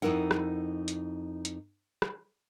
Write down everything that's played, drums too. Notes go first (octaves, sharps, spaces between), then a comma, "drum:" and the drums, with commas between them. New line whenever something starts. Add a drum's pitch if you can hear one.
F2 D#3 D#4 E4 A#4 F#5
drum: rim click
drum: hi-hat
drum: hi-hat
drum: rim click